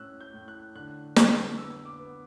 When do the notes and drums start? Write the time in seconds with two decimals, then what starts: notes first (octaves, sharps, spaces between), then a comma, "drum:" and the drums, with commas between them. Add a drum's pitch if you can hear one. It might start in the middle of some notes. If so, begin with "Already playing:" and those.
Already playing: A2 C#4 E6 F#6
0.21 G6
0.34 A2
0.48 F#6
0.76 D3 F#6
1.16 D3 D6, drum: snare
1.57 B3 E6
1.85 D6
1.99 B3